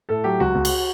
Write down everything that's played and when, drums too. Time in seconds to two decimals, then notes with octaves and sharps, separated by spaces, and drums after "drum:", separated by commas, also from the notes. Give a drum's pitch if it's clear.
0.09 A2 A4
0.24 F#3 G4
0.40 C#2 F#4
0.55 C#2
0.65 drum: cymbal